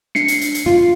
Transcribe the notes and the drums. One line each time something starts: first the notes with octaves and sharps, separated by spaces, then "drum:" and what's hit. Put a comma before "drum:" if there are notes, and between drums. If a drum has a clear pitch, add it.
D4 C7 C#7, drum: snare
drum: hi-hat
drum: hi-hat
drum: hi-hat
F4, drum: snare